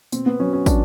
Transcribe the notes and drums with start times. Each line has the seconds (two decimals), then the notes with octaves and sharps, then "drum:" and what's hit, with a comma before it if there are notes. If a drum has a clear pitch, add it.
0.12 B2 C4, drum: tambourine
0.26 B3
0.40 F#3 C#4
0.53 C#4
0.66 F#3 D4, drum: kick, tambourine